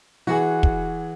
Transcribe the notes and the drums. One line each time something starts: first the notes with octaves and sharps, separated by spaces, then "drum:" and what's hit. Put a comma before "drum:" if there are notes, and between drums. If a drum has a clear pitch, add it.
E3 F#4 G#4
drum: kick